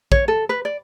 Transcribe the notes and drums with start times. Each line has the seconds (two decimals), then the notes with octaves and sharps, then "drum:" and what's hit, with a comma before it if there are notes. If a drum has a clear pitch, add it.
0.12 C#5, drum: kick
0.28 A4
0.49 B4
0.65 D5